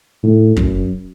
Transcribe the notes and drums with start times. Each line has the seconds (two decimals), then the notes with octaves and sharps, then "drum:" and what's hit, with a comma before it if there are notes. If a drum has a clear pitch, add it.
0.23 A2
0.56 F#2, drum: kick